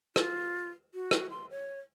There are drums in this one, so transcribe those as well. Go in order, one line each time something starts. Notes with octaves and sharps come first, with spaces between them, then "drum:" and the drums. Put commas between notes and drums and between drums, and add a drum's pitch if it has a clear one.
F4, drum: rim click
F#4
drum: rim click
C6
C#5